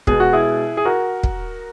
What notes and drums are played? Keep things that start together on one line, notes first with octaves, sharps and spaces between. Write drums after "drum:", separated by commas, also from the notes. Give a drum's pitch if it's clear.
B2 G#3 B3 G#4, drum: kick
F#4
E4 G#4
G#4
F#4 A#4
drum: kick